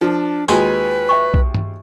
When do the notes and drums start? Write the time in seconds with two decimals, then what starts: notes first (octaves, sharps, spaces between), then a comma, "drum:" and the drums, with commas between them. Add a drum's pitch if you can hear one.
0.01 F3 D4
0.48 D#2 G#3 F4 F#4 B4 G#5 C6, drum: tambourine
1.09 E5 G5 C#6
1.34 drum: kick B1
1.54 drum: tom G2